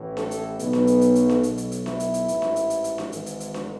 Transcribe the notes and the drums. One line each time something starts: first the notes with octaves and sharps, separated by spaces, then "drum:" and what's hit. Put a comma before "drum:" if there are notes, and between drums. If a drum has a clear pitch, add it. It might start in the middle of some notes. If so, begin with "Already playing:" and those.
Already playing: A1 A2 E3
A4, drum: snare D4
drum: hi-hat
B1 B2, drum: hi-hat
drum: snare D4
drum: hi-hat
drum: hi-hat
drum: hi-hat
drum: snare D4
B1 B2, drum: hi-hat
drum: hi-hat
drum: hi-hat
E4, drum: snare D4
drum: hi-hat
drum: hi-hat
A1 G#2 E3, drum: hi-hat
drum: snare D4
drum: hi-hat
drum: hi-hat
drum: hi-hat
drum: snare D4
G#1 G#2 E3, drum: hi-hat
drum: hi-hat
drum: hi-hat
drum: snare D4